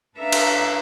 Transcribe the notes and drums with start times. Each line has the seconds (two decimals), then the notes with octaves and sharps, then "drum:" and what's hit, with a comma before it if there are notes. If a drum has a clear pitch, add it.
0.16 D4 A4 B4 E5 F5 A#5
0.32 drum: cymbal